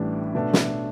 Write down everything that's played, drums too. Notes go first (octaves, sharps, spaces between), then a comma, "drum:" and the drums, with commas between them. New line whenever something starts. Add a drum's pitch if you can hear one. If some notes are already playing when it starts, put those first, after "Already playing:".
Already playing: A1 A2 E3 G3 D4
B2 A3 D4
drum: snare